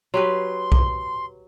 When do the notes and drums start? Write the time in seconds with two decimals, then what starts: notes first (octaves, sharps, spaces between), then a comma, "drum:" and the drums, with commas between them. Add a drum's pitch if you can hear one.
0.14 F#3 G4 B4 C6
0.72 drum: kick B1